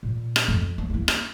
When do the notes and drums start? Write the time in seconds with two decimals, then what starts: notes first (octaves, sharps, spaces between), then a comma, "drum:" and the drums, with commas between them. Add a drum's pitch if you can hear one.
0.03 A#2
0.36 drum: rim click
0.48 F2
0.78 A#3
0.90 A#3 E4
1.08 drum: rim click